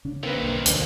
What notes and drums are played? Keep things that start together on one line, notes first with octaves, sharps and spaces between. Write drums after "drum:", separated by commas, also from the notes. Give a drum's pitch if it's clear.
C#3 C#4 D4
G2 D#3 A#3 C4 B4
B1
D2 B2 F3, drum: hi-hat